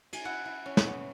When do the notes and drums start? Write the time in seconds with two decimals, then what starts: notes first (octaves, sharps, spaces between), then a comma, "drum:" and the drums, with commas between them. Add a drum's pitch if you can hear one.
0.13 G#5, drum: cymbal
0.25 E4 F#5
0.45 E4
0.66 C#4
0.77 drum: snare
0.87 B3